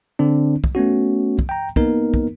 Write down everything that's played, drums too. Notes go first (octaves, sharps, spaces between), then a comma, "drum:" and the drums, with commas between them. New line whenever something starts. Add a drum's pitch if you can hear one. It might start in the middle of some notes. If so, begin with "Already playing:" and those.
D3 C4 D4
drum: kick
A3 B3 C#4 F#4
drum: kick
G5 A#5
A#3 B3 D#4 A#4, drum: kick
drum: kick